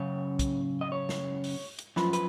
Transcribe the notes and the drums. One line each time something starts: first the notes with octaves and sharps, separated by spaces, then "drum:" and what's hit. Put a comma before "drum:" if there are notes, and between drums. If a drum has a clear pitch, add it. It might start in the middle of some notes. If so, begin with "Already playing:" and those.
Already playing: F#2 C#3 C#5
drum: kick, hi-hat
D#5
C#5
drum: snare
drum: open hi-hat
drum: hi-hat
F#2 F3 B4, drum: snare
B4, drum: hi-hat